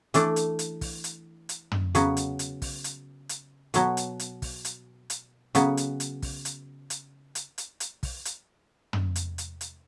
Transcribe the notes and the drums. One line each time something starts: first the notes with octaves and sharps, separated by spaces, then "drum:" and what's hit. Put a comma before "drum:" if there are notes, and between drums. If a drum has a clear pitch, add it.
E3 A3 D4, drum: hi-hat
drum: hi-hat
drum: hi-hat
drum: kick, open hi-hat
drum: hi-hat
drum: hi-hat
drum: tom
C#3 F#3 B3, drum: hi-hat
drum: hi-hat
drum: hi-hat
drum: kick, open hi-hat
drum: hi-hat
drum: hi-hat
B2 F#3 B3, drum: hi-hat
drum: hi-hat
drum: hi-hat
drum: kick, open hi-hat
drum: hi-hat
drum: hi-hat
C#3 F#3 B3, drum: hi-hat
drum: hi-hat
drum: hi-hat
drum: kick, open hi-hat
drum: hi-hat
drum: hi-hat
drum: hi-hat
drum: hi-hat
drum: hi-hat
drum: kick, open hi-hat
drum: hi-hat
drum: tom
drum: hi-hat
drum: hi-hat
drum: hi-hat